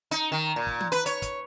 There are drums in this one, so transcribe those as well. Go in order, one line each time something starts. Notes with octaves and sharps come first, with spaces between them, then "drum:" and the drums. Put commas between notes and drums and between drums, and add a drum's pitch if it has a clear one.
D#4, drum: hi-hat
D#3
A#2
drum: kick
drum: tom
B4, drum: hi-hat
C#5, drum: hi-hat
drum: kick, hi-hat